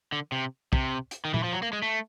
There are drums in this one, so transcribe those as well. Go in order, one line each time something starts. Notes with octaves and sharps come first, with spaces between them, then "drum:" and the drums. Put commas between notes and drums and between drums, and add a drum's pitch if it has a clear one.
D3
C3
C3, drum: kick
drum: hi-hat
D#3
E3, drum: tom A#2
F3
F#3
A#3
G#3
A3